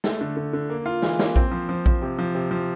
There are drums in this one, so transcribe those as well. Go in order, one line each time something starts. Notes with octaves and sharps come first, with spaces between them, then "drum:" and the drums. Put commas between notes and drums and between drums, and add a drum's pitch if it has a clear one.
A3, drum: snare
D3
D3
D3
A#3
F4
E3, drum: snare
A#3, drum: snare
C4, drum: kick A#1
F3
F3
F3, drum: kick A#1
C3
F3
C3
F3